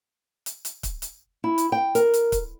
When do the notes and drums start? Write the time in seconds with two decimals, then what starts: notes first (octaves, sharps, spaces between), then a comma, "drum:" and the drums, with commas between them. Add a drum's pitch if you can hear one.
0.46 drum: hi-hat
0.65 drum: hi-hat
0.83 drum: kick, hi-hat
1.02 drum: hi-hat
1.44 E4
1.58 drum: hi-hat
1.72 G5
1.95 A#4, drum: hi-hat
2.14 drum: hi-hat
2.32 drum: kick, hi-hat